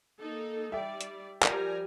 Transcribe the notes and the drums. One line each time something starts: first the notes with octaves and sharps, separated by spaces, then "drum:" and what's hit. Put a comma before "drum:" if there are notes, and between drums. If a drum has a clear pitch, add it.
A#3 D#4 A4
G3 D5 E5 G5
drum: hi-hat
F3 G3 A#4 G#5 A#5, drum: clap